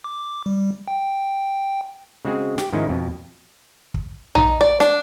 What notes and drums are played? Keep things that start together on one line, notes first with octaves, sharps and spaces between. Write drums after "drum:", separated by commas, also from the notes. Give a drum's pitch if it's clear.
D6
G3
G5
C#3 G#3 C4 F#4 G#4
G4, drum: snare
G#2 D#3 F3 C#4 D#4 E4
F2 B2
drum: kick
D#4, drum: tom A#1
D5
D4, drum: snare